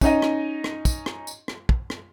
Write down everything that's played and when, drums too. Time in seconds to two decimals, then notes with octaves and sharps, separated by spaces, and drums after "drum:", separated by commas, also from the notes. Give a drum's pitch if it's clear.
0.01 C#4 D#4 D#5, drum: kick, tambourine
0.22 drum: rim click
0.64 drum: rim click
0.85 drum: kick, tambourine
1.06 drum: rim click
1.27 drum: tambourine
1.48 drum: rim click
1.69 drum: kick
1.90 drum: rim click